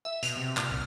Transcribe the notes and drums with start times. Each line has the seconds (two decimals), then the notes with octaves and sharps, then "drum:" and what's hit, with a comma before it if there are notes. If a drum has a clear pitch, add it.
0.05 E5
0.23 B2 F7, drum: hi-hat
0.37 C3
0.57 A#2 F6, drum: clap
0.71 C2